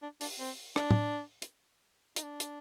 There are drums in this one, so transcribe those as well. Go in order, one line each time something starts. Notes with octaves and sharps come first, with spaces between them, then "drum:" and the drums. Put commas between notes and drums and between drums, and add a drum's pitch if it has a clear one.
D4
D4, drum: open hi-hat
C4
D4, drum: rim click
drum: tom
drum: hi-hat
D#4, drum: hi-hat
D4
drum: hi-hat